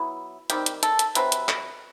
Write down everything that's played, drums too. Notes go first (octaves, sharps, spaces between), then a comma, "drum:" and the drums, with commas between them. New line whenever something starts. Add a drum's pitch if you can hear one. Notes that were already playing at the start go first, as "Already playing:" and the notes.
Already playing: F#3 B3 E4
D#3 G3 C4 G4, drum: hi-hat
drum: hi-hat
A4, drum: hi-hat
drum: hi-hat
C3 F#3 C4 B4, drum: hi-hat
drum: hi-hat
drum: clap